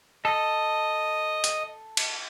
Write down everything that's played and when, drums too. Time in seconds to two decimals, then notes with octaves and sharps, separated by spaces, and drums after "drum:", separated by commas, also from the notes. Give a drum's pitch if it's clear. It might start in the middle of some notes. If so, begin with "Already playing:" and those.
0.25 A4 D#5
1.44 drum: hi-hat
1.97 drum: cymbal